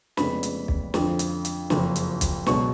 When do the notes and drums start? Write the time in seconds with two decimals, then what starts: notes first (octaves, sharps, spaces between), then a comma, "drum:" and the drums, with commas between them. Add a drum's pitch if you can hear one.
0.17 F1 F2 C#3 G#3 B3 B5, drum: snare
0.43 drum: hi-hat
0.68 drum: kick
0.94 F2 D3 F3, drum: snare
1.19 drum: hi-hat
1.45 drum: hi-hat
1.70 F#1 F2 F3, drum: snare
1.96 drum: hi-hat
2.21 drum: kick, hi-hat
2.46 C#2 B2 F#3 C#6, drum: snare